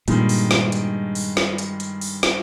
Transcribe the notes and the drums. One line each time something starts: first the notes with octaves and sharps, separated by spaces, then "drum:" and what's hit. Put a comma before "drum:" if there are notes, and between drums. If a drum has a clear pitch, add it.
G2 A#2 D#3 G#3, drum: hi-hat
drum: open hi-hat
drum: snare
drum: hi-hat
drum: open hi-hat
drum: snare
drum: hi-hat
drum: hi-hat
drum: open hi-hat
drum: snare